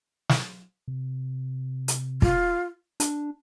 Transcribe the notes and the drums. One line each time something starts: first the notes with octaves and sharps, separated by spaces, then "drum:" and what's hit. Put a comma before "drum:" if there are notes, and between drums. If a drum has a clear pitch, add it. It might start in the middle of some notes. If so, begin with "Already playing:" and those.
drum: snare
C3
drum: hi-hat
F4, drum: kick
D4, drum: hi-hat